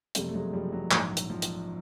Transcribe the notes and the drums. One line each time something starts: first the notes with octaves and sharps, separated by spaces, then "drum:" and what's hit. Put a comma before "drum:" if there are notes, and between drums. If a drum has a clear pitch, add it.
F#1 F2 C3 G3 A3, drum: hi-hat
A3
F#3 G#3
F3 G3
F#3
A#1 G#2 E3 F#3, drum: clap
drum: hi-hat
F3
drum: hi-hat